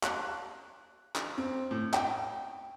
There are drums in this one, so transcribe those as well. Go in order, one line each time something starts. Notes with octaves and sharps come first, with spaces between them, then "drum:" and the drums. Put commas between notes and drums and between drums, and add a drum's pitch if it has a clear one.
F#6, drum: clap
drum: clap
C4
A2
G5, drum: clap